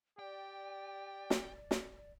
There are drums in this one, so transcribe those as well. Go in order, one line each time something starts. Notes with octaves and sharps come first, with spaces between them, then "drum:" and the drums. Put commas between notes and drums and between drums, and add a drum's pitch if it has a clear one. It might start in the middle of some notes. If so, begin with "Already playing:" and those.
G4 D5 G5
drum: snare
drum: snare